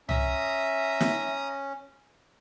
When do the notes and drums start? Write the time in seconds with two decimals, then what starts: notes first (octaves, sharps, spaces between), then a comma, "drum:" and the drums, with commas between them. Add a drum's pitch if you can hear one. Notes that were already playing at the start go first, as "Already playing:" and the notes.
0.09 C#4 E5 A#5 D#6, drum: tom
1.01 drum: snare